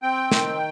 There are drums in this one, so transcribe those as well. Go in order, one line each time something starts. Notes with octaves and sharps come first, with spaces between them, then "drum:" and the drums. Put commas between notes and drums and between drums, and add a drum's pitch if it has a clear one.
C4 G5
D#3, drum: snare